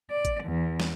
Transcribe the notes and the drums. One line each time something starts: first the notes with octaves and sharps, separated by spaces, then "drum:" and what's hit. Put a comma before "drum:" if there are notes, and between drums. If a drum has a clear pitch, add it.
D5
drum: kick, hi-hat
E2
drum: snare